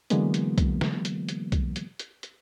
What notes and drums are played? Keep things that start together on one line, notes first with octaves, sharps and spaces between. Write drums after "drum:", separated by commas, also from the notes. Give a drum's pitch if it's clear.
D3 E3 F#3 G#3 A#3 B3, drum: hi-hat
drum: hi-hat
drum: kick, hi-hat
drum: snare
drum: hi-hat
drum: hi-hat
drum: kick, hi-hat
drum: hi-hat
drum: hi-hat
drum: hi-hat